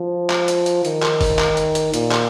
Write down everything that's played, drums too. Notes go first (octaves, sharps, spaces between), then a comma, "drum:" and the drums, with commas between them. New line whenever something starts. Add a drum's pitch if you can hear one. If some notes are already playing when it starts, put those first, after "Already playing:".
Already playing: F3
drum: clap
drum: hi-hat
drum: hi-hat
D#3, drum: hi-hat
drum: clap
drum: kick F#1, open hi-hat
drum: clap
drum: hi-hat
drum: hi-hat
A#2, drum: hi-hat
drum: clap